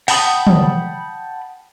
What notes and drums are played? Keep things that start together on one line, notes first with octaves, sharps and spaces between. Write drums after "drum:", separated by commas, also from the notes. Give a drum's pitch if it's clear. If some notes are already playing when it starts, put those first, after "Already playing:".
F#5 G5 A5 B5 D#6, drum: open hi-hat
drum: tom